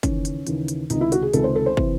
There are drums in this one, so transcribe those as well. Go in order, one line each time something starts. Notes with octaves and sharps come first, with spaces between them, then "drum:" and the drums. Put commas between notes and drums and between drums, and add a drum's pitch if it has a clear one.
D#2 C#3 E3 C#4, drum: kick, hi-hat
drum: hi-hat
D#2 C#3 E3, drum: hi-hat
drum: hi-hat
C#2 C3 D#3 D#4, drum: hi-hat
E4
F#4, drum: hi-hat
G#4
C#2 C3 D#3 A4, drum: hi-hat
C5
A4
C5
C3 E3, drum: kick